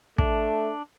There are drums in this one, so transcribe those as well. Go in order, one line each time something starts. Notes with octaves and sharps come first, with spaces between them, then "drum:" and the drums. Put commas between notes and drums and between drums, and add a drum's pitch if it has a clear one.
A3 D4, drum: kick